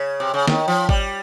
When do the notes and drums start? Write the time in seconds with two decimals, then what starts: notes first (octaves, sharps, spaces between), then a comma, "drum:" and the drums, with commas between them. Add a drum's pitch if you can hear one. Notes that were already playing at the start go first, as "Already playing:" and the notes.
Already playing: C#3
0.20 C3
0.34 C#3
0.48 D#3, drum: snare
0.68 F3
0.89 G3, drum: kick G#1